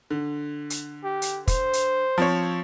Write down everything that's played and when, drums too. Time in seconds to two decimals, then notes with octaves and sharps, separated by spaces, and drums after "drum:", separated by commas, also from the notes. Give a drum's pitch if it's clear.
0.10 D3
0.70 drum: hi-hat
1.04 G4
1.22 drum: hi-hat
1.48 C5, drum: kick, hi-hat
1.73 drum: hi-hat
2.18 F3 C4 C#5